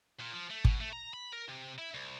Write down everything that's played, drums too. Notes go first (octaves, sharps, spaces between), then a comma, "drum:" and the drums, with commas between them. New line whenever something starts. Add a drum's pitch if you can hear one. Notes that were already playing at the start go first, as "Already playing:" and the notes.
A#2
F3
A3
B2, drum: kick
A3
A#5
B5
A#4
C3
E4
C2